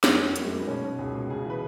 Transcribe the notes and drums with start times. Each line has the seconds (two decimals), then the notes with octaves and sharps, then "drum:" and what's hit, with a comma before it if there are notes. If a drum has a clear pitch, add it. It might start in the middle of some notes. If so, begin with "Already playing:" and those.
0.04 F#2 C#4, drum: snare
0.20 F#2
0.36 F#2 F#3, drum: hi-hat
0.45 G#3
0.51 D#3 A#3
0.60 B3
0.67 B2 C#4
0.82 B2
0.98 C#2 G#4
1.15 B2
1.30 C#3 G#4
1.46 E3 B4